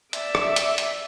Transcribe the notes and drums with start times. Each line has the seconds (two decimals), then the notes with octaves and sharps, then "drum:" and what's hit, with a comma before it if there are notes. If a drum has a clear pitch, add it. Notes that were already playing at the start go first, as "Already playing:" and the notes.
0.13 D5 E5, drum: hi-hat
0.35 drum: rim click
0.56 drum: hi-hat
0.78 drum: hi-hat